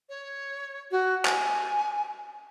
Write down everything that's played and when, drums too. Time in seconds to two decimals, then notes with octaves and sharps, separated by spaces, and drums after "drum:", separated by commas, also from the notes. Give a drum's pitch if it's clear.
0.09 C#5
0.91 F#4
1.25 G#5, drum: clap